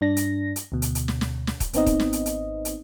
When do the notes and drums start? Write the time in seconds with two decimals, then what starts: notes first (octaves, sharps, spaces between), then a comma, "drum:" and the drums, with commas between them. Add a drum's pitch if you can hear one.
0.01 G2 D4 A#6
0.17 drum: hi-hat
0.56 drum: hi-hat
0.72 D2 B2
0.82 drum: hi-hat
0.95 drum: hi-hat
1.08 drum: snare
1.21 drum: snare
1.47 drum: snare
1.60 drum: kick, hi-hat
1.73 G#1 B3 C4 D#4 D#5, drum: hi-hat
1.86 drum: kick, hi-hat
2.00 drum: snare
2.13 drum: hi-hat
2.26 drum: hi-hat
2.65 drum: hi-hat